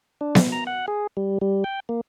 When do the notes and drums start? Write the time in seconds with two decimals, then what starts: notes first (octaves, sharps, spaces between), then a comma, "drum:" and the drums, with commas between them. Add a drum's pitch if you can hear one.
0.21 D4
0.35 drum: snare B3
0.52 A#5
0.67 F#5
0.88 G#4
1.17 G3
1.41 G3
1.64 G5
1.89 A#3